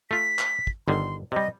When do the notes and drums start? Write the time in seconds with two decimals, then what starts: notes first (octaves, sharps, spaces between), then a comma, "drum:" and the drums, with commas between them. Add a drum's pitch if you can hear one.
0.11 A3 F4 B6
0.39 drum: clap
0.67 drum: kick
0.88 G1 D3 D#3 C6
1.32 C3 G3 D#5